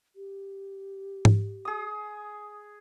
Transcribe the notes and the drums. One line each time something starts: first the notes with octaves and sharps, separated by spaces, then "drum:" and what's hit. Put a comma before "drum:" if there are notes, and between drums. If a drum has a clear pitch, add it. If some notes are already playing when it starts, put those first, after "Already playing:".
G4
drum: tom G#2
G#4 D#6